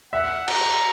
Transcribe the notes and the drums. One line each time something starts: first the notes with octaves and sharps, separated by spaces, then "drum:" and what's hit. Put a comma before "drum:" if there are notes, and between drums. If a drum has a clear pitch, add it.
E5 F#5
A#5, drum: cymbal